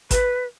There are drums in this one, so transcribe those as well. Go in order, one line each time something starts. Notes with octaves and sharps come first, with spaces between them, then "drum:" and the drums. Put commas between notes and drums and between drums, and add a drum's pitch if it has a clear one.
B4, drum: kick G#1, hi-hat